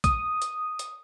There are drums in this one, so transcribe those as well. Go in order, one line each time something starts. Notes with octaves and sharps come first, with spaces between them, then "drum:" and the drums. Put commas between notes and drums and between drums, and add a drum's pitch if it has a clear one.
D#6, drum: kick, hi-hat
drum: hi-hat
drum: hi-hat